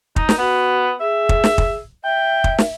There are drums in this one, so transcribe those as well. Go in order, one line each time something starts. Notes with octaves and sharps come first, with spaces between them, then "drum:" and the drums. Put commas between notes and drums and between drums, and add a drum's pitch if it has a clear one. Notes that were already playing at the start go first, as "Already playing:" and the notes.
D#4, drum: kick
drum: snare
B3 F#4
G#4 E5
drum: kick
drum: snare
drum: kick
E5 G5
drum: kick
drum: snare